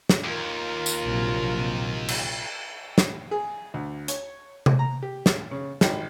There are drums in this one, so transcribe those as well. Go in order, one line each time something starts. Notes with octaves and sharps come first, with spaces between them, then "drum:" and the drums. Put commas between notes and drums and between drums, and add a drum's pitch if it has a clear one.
drum: snare
D#2 F4 A#4
drum: tambourine
A#1 C3 F#3
drum: cymbal
drum: snare
G#4
D2
C#5, drum: hi-hat
drum: tom C3
A#5
G4
drum: snare
C#3
G#1, drum: snare